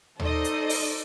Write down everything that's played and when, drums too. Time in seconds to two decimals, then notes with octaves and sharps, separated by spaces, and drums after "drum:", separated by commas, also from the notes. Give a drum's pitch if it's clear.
0.19 D#4 A4 C5 D5 D#5, drum: tom D#2
0.44 drum: hi-hat
0.69 drum: open hi-hat